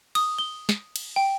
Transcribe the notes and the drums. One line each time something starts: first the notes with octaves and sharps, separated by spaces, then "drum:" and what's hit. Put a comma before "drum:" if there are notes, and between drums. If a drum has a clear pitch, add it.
D#6, drum: cymbal
G7
drum: snare
drum: cymbal
G5